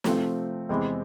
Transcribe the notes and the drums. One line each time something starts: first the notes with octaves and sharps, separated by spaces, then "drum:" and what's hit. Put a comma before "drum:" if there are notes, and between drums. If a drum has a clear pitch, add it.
C3 F3 A3 C4 F4, drum: snare
E2 C3 E3 G#3 C4